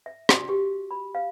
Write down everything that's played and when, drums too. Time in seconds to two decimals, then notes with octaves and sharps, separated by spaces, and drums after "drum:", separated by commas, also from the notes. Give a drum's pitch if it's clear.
0.06 E5
0.29 F#4, drum: rim click
0.49 G4
0.91 B5
1.15 F5